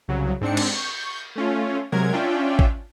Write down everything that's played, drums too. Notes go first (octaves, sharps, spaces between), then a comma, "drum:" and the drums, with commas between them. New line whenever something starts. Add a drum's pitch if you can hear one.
C2 C#3 F#3
G#2 C4 D4 C#7
drum: cymbal
C#6 G6
A3 C#4 F4
C3 F#3 G#3 A#4 G#6
C#4 D4 F4 D5 E5 G5
drum: kick A1